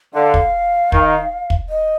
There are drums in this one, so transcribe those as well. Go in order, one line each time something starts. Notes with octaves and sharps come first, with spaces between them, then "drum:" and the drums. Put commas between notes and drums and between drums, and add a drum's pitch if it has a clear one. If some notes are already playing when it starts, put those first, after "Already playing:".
D3 F5
drum: kick
D#3, drum: kick
drum: kick
D#5